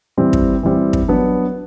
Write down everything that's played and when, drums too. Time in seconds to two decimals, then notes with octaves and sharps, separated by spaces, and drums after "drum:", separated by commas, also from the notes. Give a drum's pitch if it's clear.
0.17 E3 G3 C4
0.33 drum: kick
0.63 E3 G3 C4
0.93 drum: kick
1.08 F#3 B3 D4